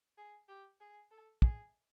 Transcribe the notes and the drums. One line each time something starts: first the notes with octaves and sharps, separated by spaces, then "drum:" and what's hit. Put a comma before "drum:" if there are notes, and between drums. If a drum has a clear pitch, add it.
G#4
G4
G#4
A4
G#4, drum: kick